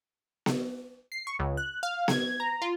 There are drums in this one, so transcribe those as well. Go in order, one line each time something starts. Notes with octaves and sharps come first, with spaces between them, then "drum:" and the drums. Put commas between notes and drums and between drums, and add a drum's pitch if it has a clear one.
drum: snare B3
C7
C#6
C#2
F#6
F5
G#6, drum: snare B3
A#5
F4